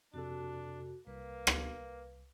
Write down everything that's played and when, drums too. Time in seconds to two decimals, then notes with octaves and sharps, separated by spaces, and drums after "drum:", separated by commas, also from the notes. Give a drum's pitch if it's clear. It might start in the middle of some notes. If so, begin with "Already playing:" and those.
0.14 F2 C3 D4 F#4 A4
1.07 C2 A#3 B4
1.47 drum: rim click